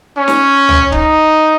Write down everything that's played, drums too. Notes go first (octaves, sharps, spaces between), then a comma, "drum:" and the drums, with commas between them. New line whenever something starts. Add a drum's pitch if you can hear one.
C#4
drum: snare
drum: tom C#2
D#4, drum: kick C#1